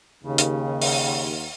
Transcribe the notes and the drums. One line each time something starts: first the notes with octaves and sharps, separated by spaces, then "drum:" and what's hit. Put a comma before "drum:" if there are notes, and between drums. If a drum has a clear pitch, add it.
D#2 C#3
drum: hi-hat
drum: open hi-hat